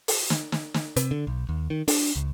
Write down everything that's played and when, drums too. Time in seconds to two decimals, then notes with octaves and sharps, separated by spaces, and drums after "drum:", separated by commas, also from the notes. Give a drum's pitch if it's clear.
0.08 drum: open hi-hat
0.30 drum: snare
0.52 drum: snare
0.74 drum: snare
0.96 C3, drum: hi-hat
1.11 D3
1.27 B1
1.49 D#2
1.70 D#3
1.88 D4, drum: open hi-hat
2.16 C#2